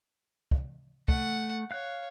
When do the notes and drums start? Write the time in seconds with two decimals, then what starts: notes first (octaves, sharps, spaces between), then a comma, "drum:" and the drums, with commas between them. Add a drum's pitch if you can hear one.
0.51 drum: kick
1.08 A3 F#5, drum: kick
1.71 C#5 F5 F#6